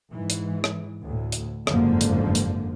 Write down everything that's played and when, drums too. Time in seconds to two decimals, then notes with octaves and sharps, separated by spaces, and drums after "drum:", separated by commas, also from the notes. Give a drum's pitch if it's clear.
0.13 G#2 E3
0.30 drum: hi-hat
0.64 drum: rim click
1.03 D2 A2
1.32 drum: hi-hat
1.67 F#1 F2 G#2 D3 F3 A#3, drum: rim click
2.01 drum: hi-hat
2.35 drum: hi-hat